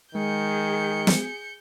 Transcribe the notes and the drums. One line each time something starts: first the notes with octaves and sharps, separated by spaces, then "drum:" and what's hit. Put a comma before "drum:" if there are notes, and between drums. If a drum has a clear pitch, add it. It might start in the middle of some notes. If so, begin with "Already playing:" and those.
D#3 G#3 G#4 G6 C#7
drum: snare